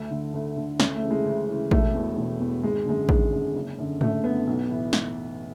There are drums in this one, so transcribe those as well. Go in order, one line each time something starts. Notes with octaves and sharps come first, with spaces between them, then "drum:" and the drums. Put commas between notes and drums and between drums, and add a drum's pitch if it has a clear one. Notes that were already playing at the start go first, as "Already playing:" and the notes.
Already playing: D2 A3
D3
D2 A3
D3
D2 C#4, drum: snare
A3
C#3 E3
G#3
D2
C#3 E3
E1 A3, drum: kick A1
E2 B2
E1
E2 B2
G#1 G#3
F#2 D3 G#3
G#1 G#3, drum: kick A1
F#2 D3
F#1
F#2 D3
F#1 A3, drum: tom G#2
F#2 D3 B3
B1
A2 E3
drum: snare